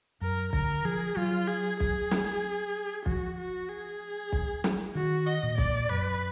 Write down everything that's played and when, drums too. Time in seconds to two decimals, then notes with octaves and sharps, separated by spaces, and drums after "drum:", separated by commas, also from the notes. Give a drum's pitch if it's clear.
0.22 F#2 A#4
0.53 D3 A#4, drum: kick B1
0.85 F3 G#4
1.17 F#3 F4
1.48 G#4
1.80 G#4, drum: kick B1
2.11 drum: snare
3.06 F3 F#4, drum: kick B1
3.38 F#4
3.69 G#4
4.32 drum: kick B1
4.64 drum: snare
4.95 D#3 F#4
5.27 D#5
5.43 A#2
5.58 D5, drum: kick B1
5.90 F#2 B4